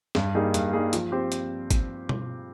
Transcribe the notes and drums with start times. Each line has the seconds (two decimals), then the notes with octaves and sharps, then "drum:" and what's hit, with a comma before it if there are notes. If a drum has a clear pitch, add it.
0.15 G2, drum: snare
0.35 G3 A#3 D#4 G#4
0.54 G2, drum: hi-hat
0.73 G3 A#3 D#4 G#4
0.93 F3, drum: hi-hat
1.12 C4 G4 C5
1.32 drum: hi-hat
1.70 drum: kick G#1, hi-hat
2.09 drum: tom B2